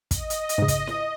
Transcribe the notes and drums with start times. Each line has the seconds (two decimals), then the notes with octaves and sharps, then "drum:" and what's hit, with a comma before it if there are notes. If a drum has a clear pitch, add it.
0.11 D#5, drum: kick, hi-hat
0.30 drum: hi-hat
0.49 drum: hi-hat
0.58 G#2 C#3
0.68 drum: kick, hi-hat
0.87 drum: snare E4